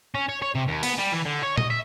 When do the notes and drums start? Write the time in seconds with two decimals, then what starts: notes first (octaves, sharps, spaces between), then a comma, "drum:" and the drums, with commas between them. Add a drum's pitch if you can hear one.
0.15 C#4
0.29 C#5
0.42 C#5
0.55 C3
0.68 D#2
0.83 B3, drum: cymbal
0.99 G3
1.12 E3
1.26 D3
1.43 C#5
1.58 D#5, drum: tom A#2
1.70 E5